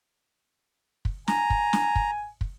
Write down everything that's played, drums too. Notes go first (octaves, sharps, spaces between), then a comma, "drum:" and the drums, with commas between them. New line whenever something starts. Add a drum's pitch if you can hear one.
drum: kick
G#5 A#5, drum: snare
drum: kick
drum: snare
drum: kick
drum: kick